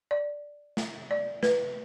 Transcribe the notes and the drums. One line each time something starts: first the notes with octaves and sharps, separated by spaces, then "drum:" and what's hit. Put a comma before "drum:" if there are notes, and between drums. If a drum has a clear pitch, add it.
D5
drum: snare
D5
B4, drum: snare